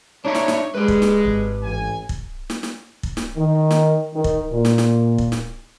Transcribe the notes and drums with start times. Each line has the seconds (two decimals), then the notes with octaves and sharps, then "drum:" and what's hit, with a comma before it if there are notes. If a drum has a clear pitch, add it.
0.25 D4 D#4 C#5 E5
0.35 drum: snare
0.48 drum: snare
0.75 G#3 G4 B4
0.88 drum: kick
1.02 drum: snare
1.25 G#1
1.63 A1 G#5
2.09 drum: kick
2.50 drum: snare
2.63 drum: snare
3.03 drum: kick
3.17 drum: snare
3.36 D#3
3.71 drum: snare
4.14 D#3
4.24 drum: kick
4.51 A#2
4.65 drum: snare
4.78 drum: snare
5.18 drum: kick
5.32 drum: snare